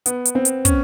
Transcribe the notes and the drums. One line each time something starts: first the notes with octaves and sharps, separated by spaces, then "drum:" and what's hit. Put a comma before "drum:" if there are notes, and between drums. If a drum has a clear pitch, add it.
B3, drum: hi-hat
drum: hi-hat
C4
drum: hi-hat
C#4, drum: kick, hi-hat